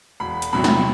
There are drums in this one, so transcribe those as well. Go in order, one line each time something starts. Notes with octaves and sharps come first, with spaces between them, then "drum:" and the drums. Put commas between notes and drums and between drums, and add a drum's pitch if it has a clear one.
E1 B5
drum: hi-hat
E2 C3 F#3 B5
drum: snare